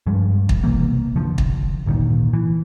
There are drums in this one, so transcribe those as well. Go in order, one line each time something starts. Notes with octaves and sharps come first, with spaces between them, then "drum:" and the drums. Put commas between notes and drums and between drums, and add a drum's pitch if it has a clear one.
G2 F3 G#3
drum: kick
C2 B2 E3 A#3
F1 D3 F3
drum: kick
G#1 D2 A#2 D#3
E3